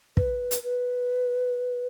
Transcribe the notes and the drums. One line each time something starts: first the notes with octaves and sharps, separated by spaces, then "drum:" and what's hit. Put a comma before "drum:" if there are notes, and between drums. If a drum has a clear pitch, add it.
B4, drum: kick
drum: hi-hat
B4